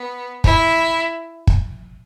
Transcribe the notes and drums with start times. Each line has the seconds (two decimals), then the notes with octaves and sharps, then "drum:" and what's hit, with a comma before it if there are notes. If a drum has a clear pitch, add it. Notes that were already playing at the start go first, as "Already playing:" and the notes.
Already playing: B3
0.44 E4, drum: kick
1.47 drum: kick